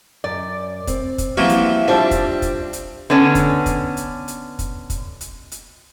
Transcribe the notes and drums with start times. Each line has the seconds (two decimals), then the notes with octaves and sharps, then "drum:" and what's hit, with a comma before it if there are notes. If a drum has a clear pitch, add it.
0.24 F#2 D5
0.87 C4, drum: kick, hi-hat
1.18 drum: kick, hi-hat
1.37 E3 F3 G3 A#3 C4 F#4
1.49 drum: hi-hat
1.88 G3 C4 D4 F4 C5 E5
2.11 drum: kick, hi-hat
2.42 drum: kick, hi-hat
2.73 drum: hi-hat
3.10 D3 B3 C#4 D4
3.35 drum: kick, hi-hat
3.66 drum: kick, hi-hat
3.97 drum: hi-hat
4.28 drum: hi-hat
4.59 drum: kick, hi-hat
4.90 drum: kick, hi-hat
5.21 drum: hi-hat
5.52 drum: hi-hat